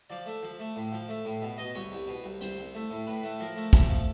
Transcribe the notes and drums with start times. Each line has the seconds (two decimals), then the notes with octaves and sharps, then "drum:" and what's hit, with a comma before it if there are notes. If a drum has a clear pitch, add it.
0.10 F3 D5
0.26 A3
0.43 F3
0.60 A3
0.76 A2
0.92 F3
1.08 A3
1.25 A2
1.42 B2
1.58 B2 D#5
1.75 C2 C#5
1.92 C2
2.07 B2
2.24 C2
2.41 C2 C5, drum: hi-hat
2.58 C2
2.75 A3
2.90 A2
3.07 A2 B4
3.23 A3
3.39 F3 A#4
3.56 A3
3.73 A3, drum: kick
3.89 F3